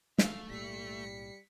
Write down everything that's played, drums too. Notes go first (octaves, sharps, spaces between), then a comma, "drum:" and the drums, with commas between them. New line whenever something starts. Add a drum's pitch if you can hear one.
A3 F5, drum: snare
B1 A2 G3 A#3 B6 C#7